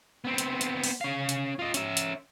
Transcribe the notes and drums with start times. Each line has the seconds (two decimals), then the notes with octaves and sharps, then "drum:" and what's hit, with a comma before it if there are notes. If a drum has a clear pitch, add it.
0.25 B3 C4
0.38 drum: hi-hat
0.61 drum: hi-hat
0.84 drum: open hi-hat
1.01 C#4 F5
1.29 drum: hi-hat
1.59 F4 D#5
1.74 C#4 E5, drum: hi-hat
1.97 drum: hi-hat